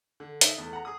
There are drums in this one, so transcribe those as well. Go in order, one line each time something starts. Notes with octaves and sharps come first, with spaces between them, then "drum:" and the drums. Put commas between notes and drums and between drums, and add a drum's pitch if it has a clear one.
D3
D#4 E5, drum: hi-hat
E2 A3
F#5 A#5
G#4 D#6